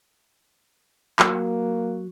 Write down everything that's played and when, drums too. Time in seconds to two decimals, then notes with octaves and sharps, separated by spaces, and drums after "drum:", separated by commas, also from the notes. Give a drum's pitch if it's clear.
1.19 F#3 A#3, drum: clap